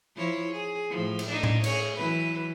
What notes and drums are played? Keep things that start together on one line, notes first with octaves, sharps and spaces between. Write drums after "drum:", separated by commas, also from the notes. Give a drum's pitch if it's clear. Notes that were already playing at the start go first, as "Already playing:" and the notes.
F3 E4 C#5
G#4
A2 F3
drum: cymbal
D4 D#4
drum: tom A2
G#4 C#5, drum: cymbal
E3 F#3 B4